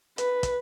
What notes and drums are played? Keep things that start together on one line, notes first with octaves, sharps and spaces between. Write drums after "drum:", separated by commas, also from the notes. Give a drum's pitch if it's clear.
B4, drum: hi-hat
drum: kick, hi-hat